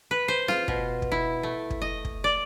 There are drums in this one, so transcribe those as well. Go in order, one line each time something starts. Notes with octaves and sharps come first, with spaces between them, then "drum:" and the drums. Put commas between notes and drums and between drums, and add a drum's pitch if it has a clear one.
B4
C5
F4, drum: snare
B2, drum: kick
drum: kick
E4
A3
drum: kick
D#5
drum: kick
D5